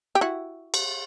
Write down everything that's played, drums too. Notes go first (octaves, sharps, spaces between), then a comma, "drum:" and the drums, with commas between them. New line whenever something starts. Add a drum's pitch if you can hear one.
G4
E4 F#4
drum: cymbal